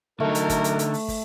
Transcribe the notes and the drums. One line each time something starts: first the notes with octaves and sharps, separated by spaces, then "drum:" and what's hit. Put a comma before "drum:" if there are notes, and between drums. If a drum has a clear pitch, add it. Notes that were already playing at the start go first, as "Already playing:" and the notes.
D3 F#3 A3 D#4 A4 A#4
drum: hi-hat
drum: kick, hi-hat
drum: hi-hat
drum: hi-hat
drum: open hi-hat
drum: kick, open hi-hat